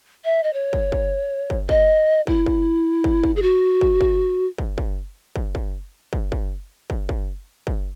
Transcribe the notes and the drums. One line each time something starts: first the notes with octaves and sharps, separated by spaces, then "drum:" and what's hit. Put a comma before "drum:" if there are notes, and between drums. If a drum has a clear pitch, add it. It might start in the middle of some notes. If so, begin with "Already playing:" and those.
E5
D#5
C#5
drum: kick
drum: kick
drum: kick
D#5, drum: kick
E4, drum: kick
drum: kick
drum: kick
drum: kick
G#4
F#4
drum: kick
drum: kick
drum: kick
drum: kick
drum: kick
drum: kick
drum: kick
drum: kick
drum: kick
drum: kick
drum: kick